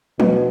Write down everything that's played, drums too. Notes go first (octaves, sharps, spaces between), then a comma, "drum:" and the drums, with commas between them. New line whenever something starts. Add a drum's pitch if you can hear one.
B2, drum: tom F3